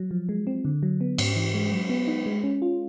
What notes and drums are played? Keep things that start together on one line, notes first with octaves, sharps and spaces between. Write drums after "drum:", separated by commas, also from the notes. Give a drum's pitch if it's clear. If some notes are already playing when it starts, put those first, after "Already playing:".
Already playing: F#3
F3
G#3
C4
D3
F#3
B3
G#2, drum: cymbal
E3
G#3
F#3
B3
D#4
G#3
C#4
F4